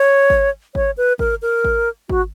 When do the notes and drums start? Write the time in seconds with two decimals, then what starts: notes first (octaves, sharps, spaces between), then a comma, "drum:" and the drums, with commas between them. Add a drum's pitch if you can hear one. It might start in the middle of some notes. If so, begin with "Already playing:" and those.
Already playing: C#5
0.30 drum: kick G#1
0.75 C#5, drum: kick G#1
0.97 B4
1.19 A#4, drum: kick G#1
1.42 A#4
1.64 drum: kick G#1
2.09 F#4, drum: kick G#1